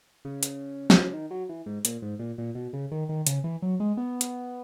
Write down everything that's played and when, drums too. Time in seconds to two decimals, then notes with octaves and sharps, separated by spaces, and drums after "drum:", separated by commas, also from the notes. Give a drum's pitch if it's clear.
0.25 C#3
0.43 drum: hi-hat
0.90 drum: snare
1.04 C#3
1.14 D#3
1.31 F#3
1.49 E3
1.66 G#2
1.85 A#2, drum: hi-hat
2.02 G#2
2.19 A#2
2.38 A#2
2.55 B2
2.73 C#3
2.91 D#3
3.09 D#3
3.27 C#3, drum: hi-hat
3.44 E3
3.62 F#3
3.80 G#3
3.97 B3
4.21 drum: hi-hat